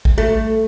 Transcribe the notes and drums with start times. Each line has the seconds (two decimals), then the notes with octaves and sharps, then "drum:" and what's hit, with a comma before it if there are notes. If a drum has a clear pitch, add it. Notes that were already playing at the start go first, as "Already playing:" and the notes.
0.05 drum: kick A1
0.18 A3